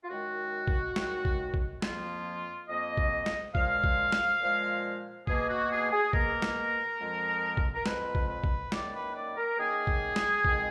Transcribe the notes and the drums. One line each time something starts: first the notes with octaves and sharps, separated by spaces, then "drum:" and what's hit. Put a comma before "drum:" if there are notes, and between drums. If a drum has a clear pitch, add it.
F4
F#2 D#3 G#3 F#4
drum: kick A#1
F#2 D#3 G#3, drum: snare
drum: kick A#1
drum: kick A#1
F2 F3 A#3 F4, drum: snare
F2 F3 A#3 D#5
drum: kick A#1
drum: snare
A#2 F3 G#3 F5, drum: kick A#1
drum: kick A#1
drum: snare
A#2 F3 G#3
B2 A#3 G#4, drum: kick A#1
F#4
G#4
G#4
B2 A#3 A#4, drum: kick A#1
drum: snare
F2 F3 G#3
drum: kick A#1
A#4
F2 F3 G#3 B4, drum: snare
drum: kick A#1
B4
drum: kick A#1
F#2 D#3 A#3 D5, drum: snare
B4
D5
A#4
F#2 D#3 A#3 G#4
drum: kick A#1
drum: snare
F2 D#3 G#3, drum: kick A#1